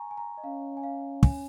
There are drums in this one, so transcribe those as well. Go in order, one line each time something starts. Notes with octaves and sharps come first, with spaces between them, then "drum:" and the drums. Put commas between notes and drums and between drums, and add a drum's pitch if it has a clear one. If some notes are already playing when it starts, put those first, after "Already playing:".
Already playing: G#5 A#5 C#6
G#5
A#5
D#5
C#4 F5
G#5
F5
G#5, drum: kick